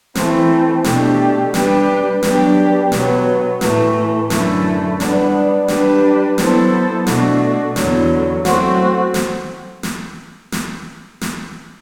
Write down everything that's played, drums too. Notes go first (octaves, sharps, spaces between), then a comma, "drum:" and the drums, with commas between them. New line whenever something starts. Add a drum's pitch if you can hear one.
E3 A3 C4, drum: snare
B2 A3 D4 G4, drum: snare
G3 D4 G4 B4, drum: snare
F#3 B3 D4 G4, drum: snare
B2 F#3 B3, drum: snare
A2 E3 A3, drum: snare
F#2 D3 A3 E4, drum: snare
G3 B3 D4, drum: snare
G3 D4 G4 B4, drum: snare
F#3 B3 E4 A4 C5, drum: snare
B2 A3 D4 F#4, drum: snare
E2 D3 F#3, drum: snare
F#3 A3 C4 F#4, drum: snare
drum: snare
drum: snare
drum: snare
drum: snare